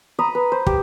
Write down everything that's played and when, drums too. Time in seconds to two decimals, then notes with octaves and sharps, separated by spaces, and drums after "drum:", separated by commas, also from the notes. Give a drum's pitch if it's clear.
0.19 A#5 B5 D#6
0.35 B4
0.52 C5
0.67 G4, drum: kick